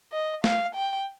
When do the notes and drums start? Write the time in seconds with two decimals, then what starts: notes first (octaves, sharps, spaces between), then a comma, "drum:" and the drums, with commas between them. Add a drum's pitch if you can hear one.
0.12 D#5
0.44 F5, drum: snare
0.75 G5